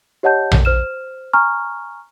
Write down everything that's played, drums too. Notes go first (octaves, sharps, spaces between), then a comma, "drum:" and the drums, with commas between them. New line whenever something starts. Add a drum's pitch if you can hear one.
G4 C#5 D#5 F#5 A5 G6
drum: tom A#1
C5 F6 E7
G#5 A#5 C#6 F6